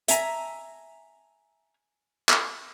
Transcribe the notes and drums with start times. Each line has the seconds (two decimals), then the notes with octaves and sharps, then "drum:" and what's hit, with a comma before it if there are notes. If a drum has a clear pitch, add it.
0.08 E5 G#5 A#5, drum: hi-hat
2.29 drum: clap